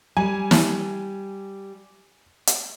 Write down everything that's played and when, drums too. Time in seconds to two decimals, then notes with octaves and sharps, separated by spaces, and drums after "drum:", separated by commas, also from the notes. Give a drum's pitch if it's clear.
0.17 G3 G#5
0.51 drum: snare
2.47 drum: hi-hat